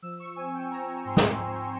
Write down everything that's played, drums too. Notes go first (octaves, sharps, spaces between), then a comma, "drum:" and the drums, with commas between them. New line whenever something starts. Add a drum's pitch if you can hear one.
F3 E6
C#6
C4 G#5
G5
C4 A#5
G#2 C6
drum: snare